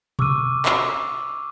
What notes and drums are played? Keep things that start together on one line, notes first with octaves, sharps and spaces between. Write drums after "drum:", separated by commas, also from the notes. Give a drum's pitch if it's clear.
C#6 D6 E6 F6 D#7, drum: tom B2
drum: clap